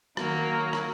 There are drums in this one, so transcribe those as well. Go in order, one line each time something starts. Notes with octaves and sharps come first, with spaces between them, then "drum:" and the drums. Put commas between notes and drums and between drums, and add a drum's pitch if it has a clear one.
D#3 F#3 A#3, drum: rim click
drum: rim click